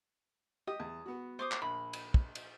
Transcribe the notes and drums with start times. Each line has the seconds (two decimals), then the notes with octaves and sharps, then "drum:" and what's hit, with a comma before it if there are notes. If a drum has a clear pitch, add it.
0.67 G4 D#5 D#6
0.80 E2
1.06 B3 F#4
1.39 C5 D6 D#6
1.51 drum: clap
1.62 A#1 B5
1.93 drum: cymbal
2.14 drum: kick
2.35 drum: cymbal